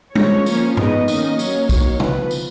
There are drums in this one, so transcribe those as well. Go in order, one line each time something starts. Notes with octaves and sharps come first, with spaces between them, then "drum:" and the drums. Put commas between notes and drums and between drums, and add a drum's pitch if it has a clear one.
F3 G#3 C#4 C#5, drum: tom
F3 A#3 C#4, drum: tambourine
D#3 G#3 B3 D#5, drum: tom G2
D#3 A#3 C#4, drum: tambourine
F#3 A#3 C#4 C#5, drum: tambourine
D#3 F#3 A#3, drum: kick, tambourine
F3 B3 B4, drum: tom
drum: tambourine